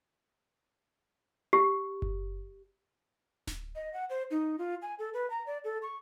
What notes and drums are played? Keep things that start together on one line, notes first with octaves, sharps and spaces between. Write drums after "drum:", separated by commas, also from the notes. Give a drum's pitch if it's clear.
G4
drum: kick F#1
drum: snare D1
D#5
F#5
C5
D#4
F4
G#5
A4
B4
A#5
D5
A4
C#6